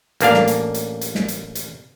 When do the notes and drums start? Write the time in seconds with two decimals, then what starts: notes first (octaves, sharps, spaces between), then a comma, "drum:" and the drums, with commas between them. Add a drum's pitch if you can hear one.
0.20 A1 A#3 D4 F5, drum: hi-hat
0.34 drum: snare
0.47 drum: hi-hat
0.74 drum: hi-hat
1.01 drum: hi-hat
1.15 drum: snare
1.28 drum: hi-hat
1.55 drum: hi-hat